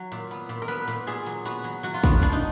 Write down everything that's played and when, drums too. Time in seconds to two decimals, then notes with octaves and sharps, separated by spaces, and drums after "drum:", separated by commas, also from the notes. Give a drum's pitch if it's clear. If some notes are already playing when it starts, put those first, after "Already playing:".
Already playing: F#3
0.12 A#2
0.31 B3
0.49 A#2
0.62 A#4
0.68 B3 B4
0.88 A#2
1.07 A#2 G#4
1.27 F#3, drum: hi-hat
1.45 B3 F#4
1.64 F#3
1.83 F#3 F#4
1.94 F4
2.04 B3 F#4, drum: kick
2.22 F3 D4
2.32 D#4